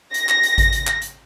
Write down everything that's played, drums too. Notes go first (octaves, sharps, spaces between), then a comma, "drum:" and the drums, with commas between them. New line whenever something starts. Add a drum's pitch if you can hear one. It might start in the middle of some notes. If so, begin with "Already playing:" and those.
A#6, drum: hi-hat
drum: clap
drum: hi-hat
drum: kick G#1, hi-hat
drum: hi-hat
drum: clap
drum: hi-hat